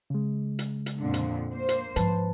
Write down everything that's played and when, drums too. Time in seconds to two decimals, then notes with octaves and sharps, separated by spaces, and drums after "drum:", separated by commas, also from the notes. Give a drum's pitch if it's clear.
0.10 C#3 G#3
0.59 drum: hi-hat
0.86 drum: hi-hat
0.99 F2 A#2 D3
1.14 drum: hi-hat
1.49 A#3 C5
1.69 drum: hi-hat
1.96 G#2 F3 B4 A5, drum: hi-hat